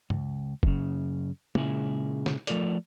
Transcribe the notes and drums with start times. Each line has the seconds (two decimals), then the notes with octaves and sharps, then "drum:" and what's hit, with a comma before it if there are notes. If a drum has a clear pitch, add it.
0.10 C#2, drum: tom
0.63 F#2 C#3, drum: kick F1
1.55 A#2 C#3 G#3 E4 G#4, drum: tom
2.26 drum: snare
2.47 F3 A3 F4 A4 A#4 D5, drum: hi-hat